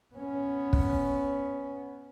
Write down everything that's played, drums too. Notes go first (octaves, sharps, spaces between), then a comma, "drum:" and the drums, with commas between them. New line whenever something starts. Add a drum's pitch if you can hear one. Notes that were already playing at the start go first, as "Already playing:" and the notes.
B3 C#4
drum: kick